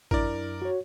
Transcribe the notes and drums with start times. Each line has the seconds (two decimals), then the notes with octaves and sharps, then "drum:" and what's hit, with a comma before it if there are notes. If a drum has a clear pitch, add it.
0.11 F#2 D4 E4 A#4 D5, drum: kick G#1
0.62 F#4 C#5